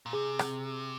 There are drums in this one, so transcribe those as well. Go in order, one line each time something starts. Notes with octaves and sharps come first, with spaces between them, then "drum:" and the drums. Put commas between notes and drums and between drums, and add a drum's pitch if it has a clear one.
A#2
C3 G#4
drum: rim click